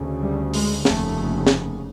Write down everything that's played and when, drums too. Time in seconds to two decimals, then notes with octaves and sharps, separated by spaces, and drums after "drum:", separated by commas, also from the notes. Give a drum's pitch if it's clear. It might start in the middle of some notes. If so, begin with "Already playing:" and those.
Already playing: D2 C#3
0.22 G3
0.54 G#3, drum: open hi-hat
0.85 F1 D#2 C#3 A3, drum: snare
1.47 drum: snare